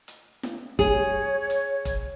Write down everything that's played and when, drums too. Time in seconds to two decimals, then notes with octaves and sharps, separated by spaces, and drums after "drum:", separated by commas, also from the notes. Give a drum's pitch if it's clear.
0.08 drum: hi-hat
0.43 drum: snare
0.79 G#4 C#5, drum: kick, hi-hat
1.50 drum: hi-hat
1.85 drum: kick, hi-hat